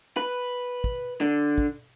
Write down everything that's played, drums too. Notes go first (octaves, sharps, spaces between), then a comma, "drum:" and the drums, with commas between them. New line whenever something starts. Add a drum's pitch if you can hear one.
B4
drum: kick
D3
drum: kick